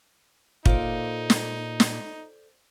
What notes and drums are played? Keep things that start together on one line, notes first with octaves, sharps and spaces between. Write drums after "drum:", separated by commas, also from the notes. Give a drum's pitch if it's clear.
A#2 A#3 D#4 F4 A4 C5 D5, drum: kick
drum: snare
drum: snare